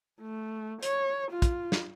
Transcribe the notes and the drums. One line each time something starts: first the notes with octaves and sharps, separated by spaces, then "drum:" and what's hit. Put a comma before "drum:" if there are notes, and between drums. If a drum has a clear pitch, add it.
A3
C#5, drum: hi-hat
F4
drum: kick, hi-hat
drum: snare